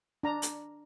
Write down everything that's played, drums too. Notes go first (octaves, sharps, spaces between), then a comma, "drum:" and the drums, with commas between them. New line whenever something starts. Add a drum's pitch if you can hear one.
D4 A#5
drum: hi-hat